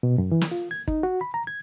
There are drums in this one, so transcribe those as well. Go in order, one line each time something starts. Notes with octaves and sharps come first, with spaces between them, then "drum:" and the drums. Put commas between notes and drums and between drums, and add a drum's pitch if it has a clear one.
B2
F#2
E3
drum: snare
F4
G#6
D#4, drum: kick
F#4
B5
A#5
G#6